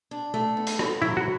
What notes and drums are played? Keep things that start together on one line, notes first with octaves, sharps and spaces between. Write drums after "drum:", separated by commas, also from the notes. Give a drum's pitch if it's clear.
D4
A3
B3
drum: hi-hat
B3, drum: rim click
F#3 E4
F#4